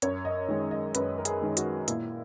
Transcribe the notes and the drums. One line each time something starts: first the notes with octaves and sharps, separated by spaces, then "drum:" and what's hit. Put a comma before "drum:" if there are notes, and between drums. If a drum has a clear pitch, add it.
F#2 C#5, drum: hi-hat
D#5
D#3 G#3
D#5
F#2 B4, drum: hi-hat
A#4
G#4, drum: hi-hat
D#3 G#3
F#4, drum: hi-hat
A#2 E4, drum: hi-hat